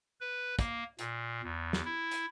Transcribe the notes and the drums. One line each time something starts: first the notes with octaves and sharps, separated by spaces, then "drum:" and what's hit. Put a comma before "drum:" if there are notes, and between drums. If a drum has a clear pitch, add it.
B4
A#3, drum: kick, hi-hat
A#2, drum: hi-hat
E2
drum: snare
E4
drum: hi-hat